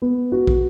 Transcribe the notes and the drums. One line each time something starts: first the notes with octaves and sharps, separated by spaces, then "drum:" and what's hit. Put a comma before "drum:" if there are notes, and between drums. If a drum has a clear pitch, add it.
B3
F#4
drum: kick